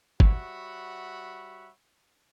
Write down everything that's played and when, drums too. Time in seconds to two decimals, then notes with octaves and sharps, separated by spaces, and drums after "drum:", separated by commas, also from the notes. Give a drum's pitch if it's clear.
0.20 G3 F#4 C#5 E5 F#5 B5, drum: kick G#1